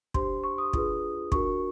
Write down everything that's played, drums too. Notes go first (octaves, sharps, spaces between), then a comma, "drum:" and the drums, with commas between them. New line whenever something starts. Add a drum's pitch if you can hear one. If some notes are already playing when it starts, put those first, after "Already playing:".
D4 G4 C5 C6, drum: kick
C#6
D#6
D4 F4 G#4 B4, drum: kick
D4 F#4 A#4 C#6, drum: kick